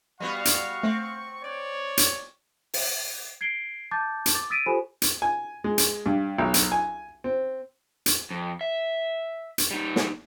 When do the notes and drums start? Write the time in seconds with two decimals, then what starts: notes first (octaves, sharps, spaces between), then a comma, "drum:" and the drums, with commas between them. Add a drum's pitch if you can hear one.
0.20 G3 B3 F#4 F5 C#6
0.45 drum: hi-hat
0.83 A3 C4
1.44 C#5 D5 D7
1.97 drum: hi-hat
2.74 drum: open hi-hat
3.41 G#6 C7 D7 G7
3.91 A5 D6 G6 A6
4.26 drum: hi-hat
4.35 D6 A6
4.50 D#6 E6 A6 B6 D7 D#7
4.66 F4 G4 A4 C5 G#5 B5
5.02 drum: hi-hat
5.22 G#5
5.64 G#3
5.78 drum: hi-hat
6.06 G2
6.38 B1
6.54 drum: hi-hat
6.72 G#5
7.24 C4
8.06 drum: hi-hat
8.31 F2
8.61 E5
9.58 drum: hi-hat
9.71 G3 D#4
9.96 drum: snare